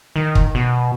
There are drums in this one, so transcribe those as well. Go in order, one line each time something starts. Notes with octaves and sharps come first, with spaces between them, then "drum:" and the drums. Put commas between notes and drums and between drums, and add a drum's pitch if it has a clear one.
D#3
drum: kick
B2